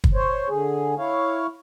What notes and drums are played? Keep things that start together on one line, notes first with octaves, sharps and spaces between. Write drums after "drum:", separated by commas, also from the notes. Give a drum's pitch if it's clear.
drum: kick
C5 C#5
D3 G#4
E4 C#5 F5